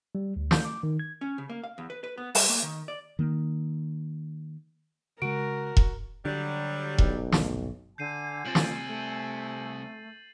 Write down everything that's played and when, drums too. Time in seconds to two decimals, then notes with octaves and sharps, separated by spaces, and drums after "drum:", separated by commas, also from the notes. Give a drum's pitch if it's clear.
0.15 G3
0.36 D2
0.51 G6, drum: snare
0.65 D6
0.83 D#3
0.99 G#6
1.21 C#4
1.38 C#3
1.50 A#3
1.64 F5
1.78 E2
1.90 B4
2.04 B4
2.18 B3
2.35 G3, drum: open hi-hat
2.49 A#3
2.62 D#3
2.88 D5
3.19 D#3 A#3
5.22 C#3 G#3 F#4 A#4 D7
5.77 drum: kick E1
6.25 D3 F#3 G3
6.98 B1, drum: kick E1
7.32 G1 C2, drum: snare
7.98 D3 G#5 G6 C7 D#7
8.45 C2 C4 F4 A6 F#7
8.55 drum: snare
8.87 A3